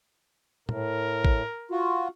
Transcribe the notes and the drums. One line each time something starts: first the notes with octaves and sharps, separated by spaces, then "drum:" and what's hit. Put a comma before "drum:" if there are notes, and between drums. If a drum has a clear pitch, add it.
A2 A#4, drum: tom A#2
drum: kick
F4 F#4